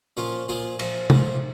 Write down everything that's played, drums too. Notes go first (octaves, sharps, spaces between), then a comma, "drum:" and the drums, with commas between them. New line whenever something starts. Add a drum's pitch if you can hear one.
A#2 F3 C#4 F4
A#2 F3 F4 G#4
A#2 F3, drum: cymbal
A#2 F3, drum: tom C3